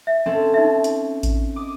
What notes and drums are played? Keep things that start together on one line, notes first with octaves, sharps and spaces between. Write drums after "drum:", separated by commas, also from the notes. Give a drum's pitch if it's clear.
E5
C4 C#4 A4
D#4 E5
drum: hi-hat
drum: kick A1, hi-hat
D6 D#6